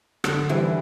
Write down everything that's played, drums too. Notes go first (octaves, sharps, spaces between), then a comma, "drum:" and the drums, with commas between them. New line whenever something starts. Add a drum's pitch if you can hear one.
D3, drum: rim click
E3 G3 C4 E4